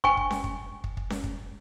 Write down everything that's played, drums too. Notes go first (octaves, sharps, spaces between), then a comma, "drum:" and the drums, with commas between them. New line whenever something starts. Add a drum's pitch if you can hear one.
G5 G#5 C#6, drum: kick
drum: kick
drum: snare C#4
drum: kick
drum: kick
drum: kick
drum: snare C#4
drum: kick